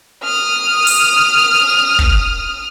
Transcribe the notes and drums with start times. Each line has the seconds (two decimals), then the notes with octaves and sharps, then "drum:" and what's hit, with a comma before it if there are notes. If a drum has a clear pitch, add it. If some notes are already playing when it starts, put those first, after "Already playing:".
0.24 D#6 F6
0.87 drum: open hi-hat
1.99 drum: kick